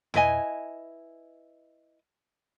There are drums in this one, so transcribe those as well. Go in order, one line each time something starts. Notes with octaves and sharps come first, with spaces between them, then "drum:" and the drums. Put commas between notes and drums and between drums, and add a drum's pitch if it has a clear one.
E4 B4 D#5 G#5, drum: tom